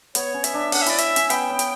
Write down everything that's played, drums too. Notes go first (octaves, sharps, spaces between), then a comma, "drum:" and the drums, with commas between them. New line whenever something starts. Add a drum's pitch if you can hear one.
B3 C#5, drum: hi-hat
C#4
E5, drum: hi-hat
D4
C#4 F#5, drum: open hi-hat
E5
E4 D5, drum: hi-hat
E5, drum: hi-hat
C#4, drum: hi-hat
B3 G5, drum: hi-hat
C#4
drum: hi-hat